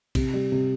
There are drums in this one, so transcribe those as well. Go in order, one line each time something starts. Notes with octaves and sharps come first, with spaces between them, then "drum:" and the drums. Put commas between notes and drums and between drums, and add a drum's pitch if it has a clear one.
C3, drum: kick A#1, cymbal
G3
C3